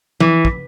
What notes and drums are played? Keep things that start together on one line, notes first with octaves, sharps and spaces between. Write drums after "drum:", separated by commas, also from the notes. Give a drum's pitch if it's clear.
E3, drum: tom F3
drum: kick